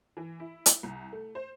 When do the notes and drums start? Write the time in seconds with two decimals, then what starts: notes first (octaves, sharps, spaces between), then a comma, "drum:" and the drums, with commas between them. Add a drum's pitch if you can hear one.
0.17 E3
0.40 E4
0.66 drum: hi-hat
0.83 C2
1.12 A3
1.35 C5